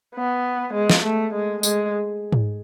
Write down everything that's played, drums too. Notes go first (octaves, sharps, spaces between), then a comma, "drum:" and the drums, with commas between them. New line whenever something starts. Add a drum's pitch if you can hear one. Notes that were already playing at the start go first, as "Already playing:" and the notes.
B3
G#3
drum: snare
A3
G#3
G#3, drum: tambourine
drum: tom G#2